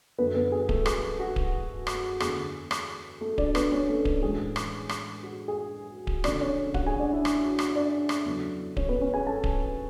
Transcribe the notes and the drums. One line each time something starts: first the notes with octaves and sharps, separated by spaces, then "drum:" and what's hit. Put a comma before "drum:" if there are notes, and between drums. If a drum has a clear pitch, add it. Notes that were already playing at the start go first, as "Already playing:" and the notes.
F#2 D3 A3 B3 B4
B3 B4
G#4
A3 A4, drum: kick D1
G#4, drum: rim click
F#4
drum: kick D1
drum: rim click
E2 D3 A3 G#4, drum: rim click
drum: rim click
A3 A4
D4 D5, drum: kick D1
B3 B4, drum: rim click
C#4 C#5
A3 A4
drum: kick D1
A2 E3 G#3 G#4
drum: rim click
drum: rim click
F#4
G#4
drum: kick D1
C#3 E3 A3 C#4 D4 D5, drum: rim click
C#4 C#5
F#4 F#5, drum: kick D1
G#4 G#5
D4 D5
E4 E5
drum: rim click
drum: rim click
D4 D5
drum: rim click
E2 C#3 F#3 A3
C#4 C#5, drum: kick D1
B3 B4
C#4 C#5
G#4 G#5
A4 A5
drum: kick D1